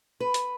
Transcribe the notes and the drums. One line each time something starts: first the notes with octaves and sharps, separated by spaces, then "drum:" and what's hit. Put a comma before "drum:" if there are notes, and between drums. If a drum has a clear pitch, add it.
B4
drum: hi-hat